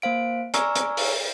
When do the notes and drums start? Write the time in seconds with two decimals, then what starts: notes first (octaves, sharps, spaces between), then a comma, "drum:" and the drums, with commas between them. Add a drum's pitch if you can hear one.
0.02 A#3 C5 F5 D7
0.54 D5 G#5 A#5 C#6 E6 F6, drum: hi-hat
0.75 drum: hi-hat
0.97 drum: open hi-hat